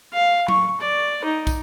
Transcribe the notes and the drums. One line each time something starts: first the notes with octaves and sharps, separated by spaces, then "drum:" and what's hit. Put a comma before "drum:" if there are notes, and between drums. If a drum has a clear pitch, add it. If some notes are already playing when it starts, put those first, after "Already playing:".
F5
C#6, drum: tom F#3
D5
D#4
drum: kick, tambourine